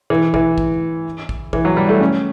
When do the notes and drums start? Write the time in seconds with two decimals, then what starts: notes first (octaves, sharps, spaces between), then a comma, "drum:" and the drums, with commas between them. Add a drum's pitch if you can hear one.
0.10 E3
0.34 E3, drum: kick
0.58 drum: kick
1.29 drum: kick
1.53 E3, drum: kick
1.65 F#3
1.77 G3
1.89 A3
2.00 C#4